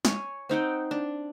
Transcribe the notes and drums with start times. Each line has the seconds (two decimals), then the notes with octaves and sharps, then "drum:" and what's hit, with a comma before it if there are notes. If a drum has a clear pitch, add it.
0.05 C#5 G#5, drum: snare
0.49 C4 D#4 F#5 G5
0.91 D4